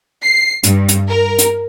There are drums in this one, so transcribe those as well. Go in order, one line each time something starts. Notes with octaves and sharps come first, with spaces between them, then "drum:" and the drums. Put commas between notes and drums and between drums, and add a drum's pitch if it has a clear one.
C7
G2, drum: hi-hat
drum: hi-hat
A#4
drum: hi-hat